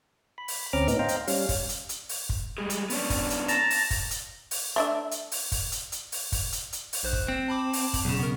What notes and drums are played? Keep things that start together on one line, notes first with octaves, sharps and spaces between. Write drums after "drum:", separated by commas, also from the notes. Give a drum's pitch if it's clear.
B5
drum: open hi-hat
D2 C4 C#4 A#5 D6 F6
A2 B3 D#4, drum: hi-hat
C5 D#5 F5 G5 A#5
drum: hi-hat
G3 C#4 F5, drum: open hi-hat
drum: kick, open hi-hat
drum: hi-hat
drum: hi-hat
drum: open hi-hat
drum: kick
G3 G#3
drum: hi-hat
B3 C#4 D4, drum: open hi-hat
drum: kick, open hi-hat
drum: hi-hat
A5 A#5, drum: hi-hat
drum: open hi-hat
drum: kick, open hi-hat
drum: hi-hat
drum: open hi-hat
A3 D4 E5
drum: hi-hat
drum: open hi-hat
drum: kick, open hi-hat
drum: hi-hat
drum: hi-hat
drum: open hi-hat
drum: kick, open hi-hat
drum: hi-hat
drum: hi-hat
drum: open hi-hat
A#1 C5 F#6
drum: kick
C4
A5 B5 D6
drum: open hi-hat
drum: kick, open hi-hat
B1 E2 C#3
B3 A#4